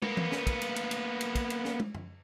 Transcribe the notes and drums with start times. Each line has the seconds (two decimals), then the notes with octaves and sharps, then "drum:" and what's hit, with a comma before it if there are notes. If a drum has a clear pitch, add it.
0.02 A#3 B3, drum: tom
0.17 drum: tom E3
0.32 drum: snare
0.47 drum: kick, cymbal
0.61 drum: cymbal
0.76 drum: cymbal
0.91 drum: cymbal
1.21 drum: cymbal
1.35 drum: kick, cymbal
1.50 drum: cymbal
1.65 drum: snare
1.80 drum: tom
1.95 drum: tom F#2